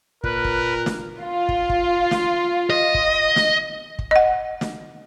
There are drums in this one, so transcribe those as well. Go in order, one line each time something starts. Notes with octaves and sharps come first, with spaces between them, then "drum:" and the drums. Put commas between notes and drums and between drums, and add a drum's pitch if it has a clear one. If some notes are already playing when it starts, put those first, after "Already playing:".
A#2 A#4 B4 F#6, drum: kick
drum: kick
drum: snare
F4
drum: kick
drum: kick
drum: snare
D#5
drum: kick
drum: snare
drum: kick
D#5 F#5
drum: snare